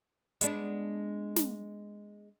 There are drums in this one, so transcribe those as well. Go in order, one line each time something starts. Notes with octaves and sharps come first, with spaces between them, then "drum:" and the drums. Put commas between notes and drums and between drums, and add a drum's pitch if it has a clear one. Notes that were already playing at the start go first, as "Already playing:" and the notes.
G#3 B3 D4, drum: hi-hat
drum: snare